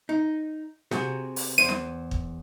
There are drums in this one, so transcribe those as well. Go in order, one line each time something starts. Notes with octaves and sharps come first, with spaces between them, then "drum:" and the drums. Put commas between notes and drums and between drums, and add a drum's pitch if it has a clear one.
D#4
C3 F#4 G#4, drum: snare
drum: open hi-hat
E2 C5 D#7
drum: snare
drum: kick